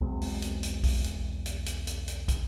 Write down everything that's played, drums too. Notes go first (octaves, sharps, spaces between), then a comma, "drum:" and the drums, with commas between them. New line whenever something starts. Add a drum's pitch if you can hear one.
B1 E2 G#3 C4
drum: open hi-hat
drum: hi-hat
drum: hi-hat
drum: kick, open hi-hat
drum: hi-hat
drum: hi-hat
drum: hi-hat
drum: hi-hat
drum: hi-hat
drum: kick, hi-hat